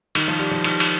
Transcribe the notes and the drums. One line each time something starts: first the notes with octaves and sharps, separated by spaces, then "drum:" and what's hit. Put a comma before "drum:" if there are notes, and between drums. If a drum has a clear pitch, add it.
D#3, drum: cymbal
F3
G3
F3
D#3, drum: cymbal
drum: cymbal